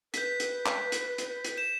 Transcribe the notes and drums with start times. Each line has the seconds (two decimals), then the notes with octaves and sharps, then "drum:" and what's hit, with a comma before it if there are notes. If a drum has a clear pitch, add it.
0.14 B4 G6 B6, drum: hi-hat
0.40 drum: hi-hat
0.66 drum: clap
0.92 drum: hi-hat
1.18 drum: hi-hat
1.45 drum: hi-hat
1.57 G6 E7